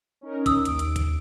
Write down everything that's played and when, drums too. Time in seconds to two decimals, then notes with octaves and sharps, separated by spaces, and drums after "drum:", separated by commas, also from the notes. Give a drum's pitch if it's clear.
0.21 C#4 D#4 A#4
0.46 D#6 E6, drum: kick, hi-hat
0.65 D#2 D7, drum: hi-hat
0.79 drum: hi-hat
0.96 drum: kick, hi-hat